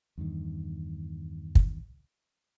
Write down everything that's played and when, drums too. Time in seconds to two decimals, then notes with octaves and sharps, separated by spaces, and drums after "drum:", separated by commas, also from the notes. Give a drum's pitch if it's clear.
0.18 E2 G2 D#3
1.55 drum: kick